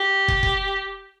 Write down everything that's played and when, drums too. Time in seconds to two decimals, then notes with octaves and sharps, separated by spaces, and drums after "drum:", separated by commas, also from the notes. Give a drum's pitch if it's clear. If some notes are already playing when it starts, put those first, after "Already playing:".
Already playing: G4
0.28 drum: kick
0.43 drum: kick